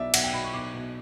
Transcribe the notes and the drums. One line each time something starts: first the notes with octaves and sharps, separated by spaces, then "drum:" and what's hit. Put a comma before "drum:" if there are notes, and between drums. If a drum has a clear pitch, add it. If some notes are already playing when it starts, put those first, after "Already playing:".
Already playing: B1 B2 D5 E5
B1 F#5, drum: cymbal
G5
B2 B5
C#6
B1 D6
B2